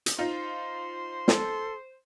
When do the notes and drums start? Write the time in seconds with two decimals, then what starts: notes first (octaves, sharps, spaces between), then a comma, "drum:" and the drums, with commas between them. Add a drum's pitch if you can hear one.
0.06 drum: hi-hat
0.18 D#4 F4 C5 C6
1.28 A4, drum: snare